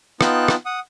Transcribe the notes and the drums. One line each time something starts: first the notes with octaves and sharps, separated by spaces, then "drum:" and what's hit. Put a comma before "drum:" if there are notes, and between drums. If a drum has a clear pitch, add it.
B3 D#4 F4 G5 A5 F#6, drum: rim click
drum: rim click
F#5 D#6